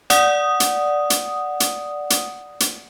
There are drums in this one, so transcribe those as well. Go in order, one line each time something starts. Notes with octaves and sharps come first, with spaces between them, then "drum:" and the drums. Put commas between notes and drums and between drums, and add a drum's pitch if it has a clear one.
D5 F#5 D#6, drum: hi-hat
drum: hi-hat
drum: hi-hat
drum: hi-hat
drum: hi-hat
drum: hi-hat